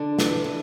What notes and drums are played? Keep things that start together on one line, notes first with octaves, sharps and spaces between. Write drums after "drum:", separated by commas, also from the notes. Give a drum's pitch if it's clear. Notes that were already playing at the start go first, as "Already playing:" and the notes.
Already playing: D3 D4
E3, drum: snare
E3